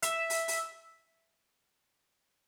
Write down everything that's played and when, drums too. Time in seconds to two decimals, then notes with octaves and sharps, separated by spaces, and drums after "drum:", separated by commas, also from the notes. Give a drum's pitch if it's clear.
0.02 E5, drum: hi-hat
0.30 drum: open hi-hat
0.48 drum: open hi-hat